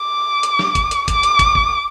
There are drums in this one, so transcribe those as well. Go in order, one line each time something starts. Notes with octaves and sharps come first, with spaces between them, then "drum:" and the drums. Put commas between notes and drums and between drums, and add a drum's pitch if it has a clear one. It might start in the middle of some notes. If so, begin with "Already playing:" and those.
Already playing: D6
drum: hi-hat
drum: snare
drum: kick, hi-hat
drum: hi-hat
D6, drum: kick, hi-hat
drum: hi-hat
drum: kick, hi-hat
drum: kick